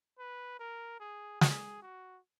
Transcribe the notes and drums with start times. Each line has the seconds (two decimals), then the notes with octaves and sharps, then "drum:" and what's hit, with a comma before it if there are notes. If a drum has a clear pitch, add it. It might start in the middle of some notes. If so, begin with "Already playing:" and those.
0.19 B4
0.59 A#4
1.00 G#4
1.41 G#4, drum: snare
1.82 F#4